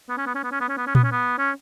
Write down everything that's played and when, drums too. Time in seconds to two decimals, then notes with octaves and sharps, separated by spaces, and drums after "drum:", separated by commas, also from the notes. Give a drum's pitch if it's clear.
0.09 B3
0.18 C#4
0.26 B3
0.35 C#4
0.44 B3
0.52 C#4
0.61 B3
0.69 C#4
0.77 B3
0.87 C#4
0.95 B3, drum: tom A#2
1.04 C#4
1.11 B3
1.39 C#4